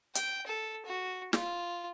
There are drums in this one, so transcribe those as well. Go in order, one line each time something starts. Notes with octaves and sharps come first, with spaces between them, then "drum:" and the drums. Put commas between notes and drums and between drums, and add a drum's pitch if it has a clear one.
G5, drum: hi-hat
A4
F#4
F4, drum: snare